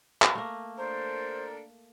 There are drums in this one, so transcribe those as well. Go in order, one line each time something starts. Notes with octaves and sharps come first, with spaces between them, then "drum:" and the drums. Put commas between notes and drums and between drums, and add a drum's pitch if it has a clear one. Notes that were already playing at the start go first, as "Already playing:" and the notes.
drum: clap
A3 A#3
D4 A4 A#4 C5